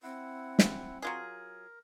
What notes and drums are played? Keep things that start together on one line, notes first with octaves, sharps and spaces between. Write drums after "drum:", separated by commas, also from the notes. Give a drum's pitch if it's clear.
C4 E4 F#5
drum: snare
F#3 F4 G#4 A#4